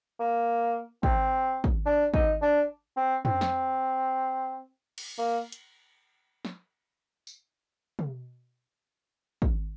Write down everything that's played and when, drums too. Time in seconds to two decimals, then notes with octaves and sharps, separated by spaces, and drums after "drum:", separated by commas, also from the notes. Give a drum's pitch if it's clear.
0.20 A#3
1.03 C4, drum: kick
1.64 drum: kick
1.86 D4
2.14 D#4, drum: kick
2.42 D4
2.97 C4
3.25 C4, drum: tom
3.41 drum: snare
4.98 drum: cymbal
5.18 A#3
5.52 drum: hi-hat
6.45 drum: snare
7.27 drum: tambourine
7.99 drum: tom
9.42 drum: kick